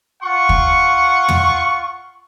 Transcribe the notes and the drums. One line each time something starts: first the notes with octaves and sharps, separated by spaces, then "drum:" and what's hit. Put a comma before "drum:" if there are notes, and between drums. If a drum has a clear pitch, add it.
F4 F#5 C#6
drum: kick
drum: tom